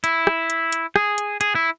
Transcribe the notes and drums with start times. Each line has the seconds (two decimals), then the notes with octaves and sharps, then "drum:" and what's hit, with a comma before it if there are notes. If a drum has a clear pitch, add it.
0.04 E4, drum: hi-hat
0.27 drum: rim click
0.50 drum: hi-hat
0.72 drum: hi-hat
0.96 G#4, drum: rim click
1.18 drum: hi-hat
1.41 G#4, drum: hi-hat
1.55 E4